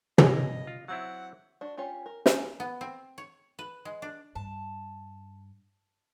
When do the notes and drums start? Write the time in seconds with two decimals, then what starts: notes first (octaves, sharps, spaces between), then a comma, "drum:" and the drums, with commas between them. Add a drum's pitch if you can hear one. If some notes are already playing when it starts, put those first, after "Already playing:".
0.18 G2 C#5 D#5 G5, drum: tom
0.67 F4
0.88 F#3 C4 E4 F#5
1.61 D4 F#4
1.77 C#4 F4 G4 C#5
2.06 A#4
2.26 C#4 F4, drum: snare
2.60 B3
2.81 C4
3.18 C#5
3.59 B4
3.85 G#3
4.02 D4
4.35 G2 A5